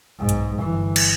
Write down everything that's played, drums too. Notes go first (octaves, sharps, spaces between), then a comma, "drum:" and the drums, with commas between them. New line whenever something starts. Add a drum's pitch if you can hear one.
B1 G#2
drum: hi-hat
G1 E3
drum: cymbal